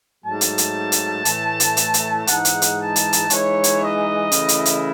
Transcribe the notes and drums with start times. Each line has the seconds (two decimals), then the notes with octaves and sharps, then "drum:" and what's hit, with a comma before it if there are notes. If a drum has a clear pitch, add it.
0.23 G#2 F#3 A3 A5
0.41 drum: hi-hat
0.58 drum: hi-hat
0.92 drum: hi-hat
1.25 A2 E3 A3, drum: hi-hat
1.60 drum: hi-hat
1.77 drum: hi-hat
1.94 drum: hi-hat
2.27 G#2 E3 G#3 D#4 F#5, drum: hi-hat
2.45 drum: hi-hat
2.62 drum: hi-hat
2.79 A5
2.96 drum: hi-hat
3.13 drum: hi-hat
3.30 E3 G#3 D#4 C#5, drum: hi-hat
3.64 drum: hi-hat
3.80 D#5
4.32 C#3 E3 A3 E4, drum: hi-hat
4.49 drum: hi-hat
4.66 drum: hi-hat